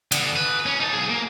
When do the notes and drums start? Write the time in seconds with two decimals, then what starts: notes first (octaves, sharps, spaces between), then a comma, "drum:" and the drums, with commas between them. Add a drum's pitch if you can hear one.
0.12 D3 B3, drum: cymbal
0.36 B4
0.66 C#4
0.80 D#4 A5
0.93 B1 G#4
1.09 A#3